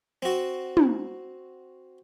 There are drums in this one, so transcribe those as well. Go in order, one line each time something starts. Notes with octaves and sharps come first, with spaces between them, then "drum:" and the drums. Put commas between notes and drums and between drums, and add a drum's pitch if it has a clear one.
C4 F#4
drum: tom